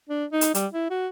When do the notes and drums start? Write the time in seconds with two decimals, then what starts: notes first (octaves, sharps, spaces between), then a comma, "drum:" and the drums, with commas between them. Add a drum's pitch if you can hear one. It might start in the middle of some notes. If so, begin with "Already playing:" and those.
0.09 D4
0.32 D#4
0.41 drum: hi-hat
0.55 G3, drum: hi-hat
0.73 E4
0.90 F#4